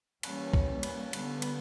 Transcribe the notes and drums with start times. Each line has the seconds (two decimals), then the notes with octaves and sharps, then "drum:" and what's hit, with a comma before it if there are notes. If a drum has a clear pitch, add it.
0.23 E3 G3 A#3 C#4, drum: cymbal
0.54 drum: kick A#1
0.83 drum: cymbal
1.13 D3 G3 B3, drum: cymbal
1.42 drum: cymbal